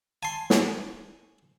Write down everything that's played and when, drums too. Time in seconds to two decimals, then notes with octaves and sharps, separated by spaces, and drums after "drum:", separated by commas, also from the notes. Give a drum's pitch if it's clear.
0.23 G#5 A5 C6
0.50 drum: snare